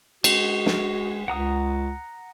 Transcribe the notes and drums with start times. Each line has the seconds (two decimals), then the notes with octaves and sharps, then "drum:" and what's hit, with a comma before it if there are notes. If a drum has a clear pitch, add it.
0.24 G#3 F#4, drum: cymbal
0.66 drum: snare
1.28 C#2 F#5 A#5 D#6